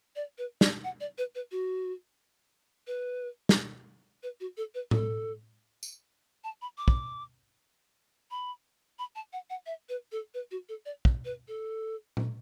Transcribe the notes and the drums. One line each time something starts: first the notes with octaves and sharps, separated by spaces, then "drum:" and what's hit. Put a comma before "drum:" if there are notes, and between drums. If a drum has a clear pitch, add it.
D5
B4
D5, drum: snare
F#5
D5
B4
B4
F#4
B4
drum: snare
B4
F#4
A4
B4
A4, drum: tom A2
drum: tambourine
A5
B5
D6
drum: kick
B5
B5
A5
F#5
F#5
E5
B4
A4
B4
F#4
A4
D5
drum: kick
B4
A4
drum: tom A#2